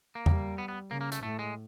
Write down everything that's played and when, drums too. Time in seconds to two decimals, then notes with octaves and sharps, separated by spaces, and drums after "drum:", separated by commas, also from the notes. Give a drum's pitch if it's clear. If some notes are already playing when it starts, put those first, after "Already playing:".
0.15 A#3
0.26 G3, drum: tom E2
0.58 B3
0.68 B3
0.91 C#3 A#3
1.01 A#3
1.12 A3, drum: hi-hat
1.23 A2 A3
1.39 G#3